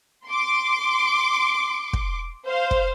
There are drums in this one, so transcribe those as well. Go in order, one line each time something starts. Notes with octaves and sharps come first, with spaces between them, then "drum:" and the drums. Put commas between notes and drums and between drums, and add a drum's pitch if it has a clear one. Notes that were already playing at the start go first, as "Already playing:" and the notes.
C6 D6
drum: kick
C5 F5
drum: kick